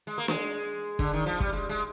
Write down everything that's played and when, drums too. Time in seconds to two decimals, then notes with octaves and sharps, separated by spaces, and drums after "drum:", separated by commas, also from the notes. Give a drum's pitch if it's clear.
0.07 G#3
0.18 A#3
0.28 G#3, drum: snare
0.99 D3, drum: kick
1.13 D#3
1.26 F3
1.40 G3, drum: kick
1.53 G#3
1.69 G#3